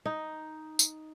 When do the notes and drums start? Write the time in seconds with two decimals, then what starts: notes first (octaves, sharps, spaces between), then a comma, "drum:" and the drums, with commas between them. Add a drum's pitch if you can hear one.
0.05 D#4
0.79 drum: tambourine